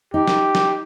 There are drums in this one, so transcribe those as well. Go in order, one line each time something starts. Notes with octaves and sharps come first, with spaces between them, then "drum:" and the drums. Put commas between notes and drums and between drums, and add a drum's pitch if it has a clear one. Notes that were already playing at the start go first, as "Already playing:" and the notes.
D#4 G4
drum: snare
drum: snare